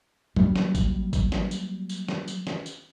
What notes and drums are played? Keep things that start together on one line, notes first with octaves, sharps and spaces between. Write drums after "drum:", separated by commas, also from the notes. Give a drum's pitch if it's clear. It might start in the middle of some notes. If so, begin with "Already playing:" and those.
F#3 G3 A#3, drum: tom F#3
drum: snare
drum: kick G#1, tambourine
drum: kick G#1, tambourine
drum: snare
drum: tambourine
drum: tambourine
drum: snare
drum: tambourine
drum: snare
drum: tambourine